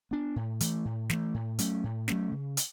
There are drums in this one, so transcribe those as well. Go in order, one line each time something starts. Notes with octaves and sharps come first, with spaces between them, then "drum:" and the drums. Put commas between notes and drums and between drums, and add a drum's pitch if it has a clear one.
B3 D4
A2
E3 A3, drum: hi-hat
A2
E3 A3, drum: snare
A2
F#3 A3 C#4, drum: hi-hat
A2
F#3 A3 C#4, drum: snare
C#3
drum: hi-hat